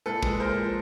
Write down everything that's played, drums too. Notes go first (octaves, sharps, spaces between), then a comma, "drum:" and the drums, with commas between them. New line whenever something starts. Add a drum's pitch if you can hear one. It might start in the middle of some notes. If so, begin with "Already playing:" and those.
A#2 A4 B4
G#3, drum: kick
A#2 A#4 C5
F3